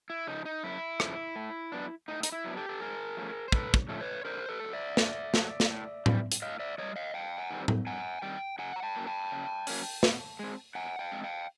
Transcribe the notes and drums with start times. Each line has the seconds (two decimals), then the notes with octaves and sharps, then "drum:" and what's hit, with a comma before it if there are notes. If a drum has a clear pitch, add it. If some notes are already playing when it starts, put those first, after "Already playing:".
0.10 E4
0.27 C#3 F3 D#4
0.45 D#4
0.63 F#2 E4
1.00 C#3 F3, drum: rim click
1.36 A2
1.72 F#3 B3 D4
2.08 A2 D#4
2.23 D#4, drum: hi-hat
2.32 E4
2.44 F#3 B3 D4
2.57 G4 A4
2.69 A4
2.81 G#2 G#4 A#4
3.17 F3 A3 C#4
3.48 C5
3.52 G#2 A4 B4, drum: kick
3.74 drum: kick
3.89 F3 A3 C#4
4.01 B4 C#5
4.25 D3 A#4 C5
4.49 A4 B4
4.61 F#3 A3
4.73 D5 E5
4.97 D3, drum: snare
5.34 F#3 A3, drum: snare
5.60 drum: snare
5.70 A2
6.06 E3 G3, drum: tom A2
6.32 drum: hi-hat
6.42 A2 D#5 F5
6.60 D5 E5
6.78 E3 G3 C#5 D#5
6.96 D#5 F5
7.14 G2 F5 G5
7.38 F#5 G#5
7.51 D#3 G3 C4
7.68 drum: tom A2
7.87 G2 F#5 G#5
8.22 D#3 G3 C4 G5
8.59 C#3 F#5 G#5
8.76 A#5
8.83 G5 A5
8.95 F#3 A#3 C#4
9.07 G5 A5
9.32 C#3
9.67 F#3 A#3 C#4, drum: open hi-hat
10.03 B2, drum: snare
10.39 G#3 C4
10.75 B2 F#5 G#5
10.99 F5 G5
11.11 G#3 C4
11.24 F5 G5